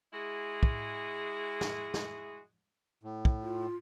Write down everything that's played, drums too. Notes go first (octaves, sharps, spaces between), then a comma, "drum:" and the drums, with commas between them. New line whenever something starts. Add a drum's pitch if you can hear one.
G#3 E4 F#4 G#4
drum: kick
drum: snare
drum: snare
A2
drum: kick
F4